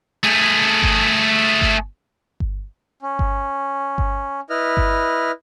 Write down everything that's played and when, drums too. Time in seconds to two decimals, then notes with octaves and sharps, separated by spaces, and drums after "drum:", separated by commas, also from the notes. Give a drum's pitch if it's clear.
0.23 A3 G#4
0.83 drum: kick G1
1.61 drum: kick G1
2.40 drum: kick G1
3.02 C#4
3.19 drum: kick G1
3.98 drum: kick G1
4.50 E4 B4 D#5 F6
4.77 drum: kick G1